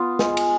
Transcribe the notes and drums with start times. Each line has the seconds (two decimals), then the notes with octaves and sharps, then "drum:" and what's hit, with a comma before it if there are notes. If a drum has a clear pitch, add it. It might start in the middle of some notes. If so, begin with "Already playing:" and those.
Already playing: B3 F4 D#6
0.19 G#3, drum: snare
0.37 drum: cymbal